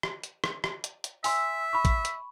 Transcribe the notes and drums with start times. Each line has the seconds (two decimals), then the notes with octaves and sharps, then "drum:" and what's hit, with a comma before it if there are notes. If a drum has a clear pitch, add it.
0.03 drum: rim click
0.24 drum: hi-hat
0.44 drum: rim click
0.64 drum: rim click
0.84 drum: hi-hat
1.04 drum: hi-hat
1.24 E5 G#5 C6 E6, drum: open hi-hat
1.73 B5 C#6
1.85 drum: kick, hi-hat
2.05 drum: hi-hat